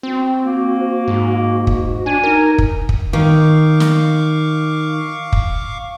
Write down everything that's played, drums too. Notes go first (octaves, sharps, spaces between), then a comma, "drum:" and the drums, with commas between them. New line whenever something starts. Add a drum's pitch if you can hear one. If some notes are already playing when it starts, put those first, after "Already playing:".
C4 F#4
A#3
G#2
drum: kick
D4 G#5
D#4 A#4
drum: kick
drum: kick
D#3 F5 C#6 D6
drum: snare
drum: kick